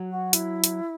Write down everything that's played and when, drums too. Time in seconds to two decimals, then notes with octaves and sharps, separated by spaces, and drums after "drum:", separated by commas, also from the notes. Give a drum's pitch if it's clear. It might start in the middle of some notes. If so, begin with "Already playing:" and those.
Already playing: F#3
0.10 F#4
0.33 E4, drum: hi-hat
0.64 drum: hi-hat